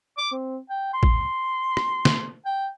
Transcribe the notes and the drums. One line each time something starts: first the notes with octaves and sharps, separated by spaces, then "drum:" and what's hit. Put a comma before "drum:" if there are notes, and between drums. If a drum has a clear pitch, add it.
D6
C4
G5
C6
drum: kick
drum: rim click
drum: snare
G5